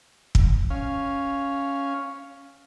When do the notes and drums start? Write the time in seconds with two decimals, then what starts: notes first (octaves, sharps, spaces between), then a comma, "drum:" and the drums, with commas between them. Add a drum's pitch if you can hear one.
0.35 drum: kick
0.70 C#4 F5